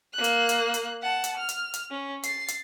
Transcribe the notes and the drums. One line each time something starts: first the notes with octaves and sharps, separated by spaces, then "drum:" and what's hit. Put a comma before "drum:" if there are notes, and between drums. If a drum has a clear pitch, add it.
A#3 F#6
drum: hi-hat
drum: hi-hat
drum: hi-hat
F#5 A5
drum: hi-hat
F6
drum: hi-hat
drum: hi-hat
C#4
A6 C7, drum: hi-hat
drum: hi-hat